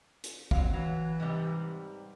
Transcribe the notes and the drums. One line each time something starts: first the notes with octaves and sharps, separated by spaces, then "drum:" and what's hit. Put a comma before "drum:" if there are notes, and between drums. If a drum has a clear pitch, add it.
drum: hi-hat
F#3 C4 C#5 F5, drum: kick
E3 F#3
G#2 C3 G3